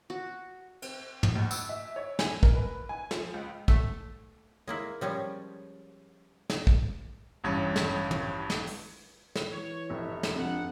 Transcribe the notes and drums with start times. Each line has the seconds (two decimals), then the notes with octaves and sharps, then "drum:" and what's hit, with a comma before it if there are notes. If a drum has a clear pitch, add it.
0.10 F#4
0.82 C4, drum: cymbal
1.23 drum: tom
1.35 D2
1.51 E6, drum: tambourine
1.69 E5
1.96 C#5
2.19 G#5, drum: snare
2.43 A#4, drum: kick
2.55 B4
2.89 G#5
3.11 F3, drum: snare
3.34 C#2
3.68 A3, drum: kick
4.68 G#3 A#3 E4
5.01 F3 G3 G#3 C#4
6.50 drum: snare
6.67 drum: kick
7.44 A1 E2 G2 C#4
7.76 drum: snare
8.11 drum: tom
8.50 drum: snare
8.67 drum: open hi-hat
9.35 drum: snare
9.51 E3 C#5
9.90 F1 F#4 C#5 E5
10.23 drum: snare
10.36 F3 C4 D4 F#5